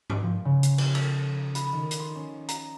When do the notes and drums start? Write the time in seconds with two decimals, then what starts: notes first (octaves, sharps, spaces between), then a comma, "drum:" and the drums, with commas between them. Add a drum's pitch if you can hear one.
0.10 drum: tom G2
0.23 F3
0.45 C#3
0.63 drum: hi-hat
0.78 drum: cymbal
0.95 A4, drum: cymbal
1.14 E7
1.55 B5, drum: hi-hat
1.72 D#3
1.91 drum: hi-hat
2.00 C6
2.15 C#4
2.48 A#5, drum: hi-hat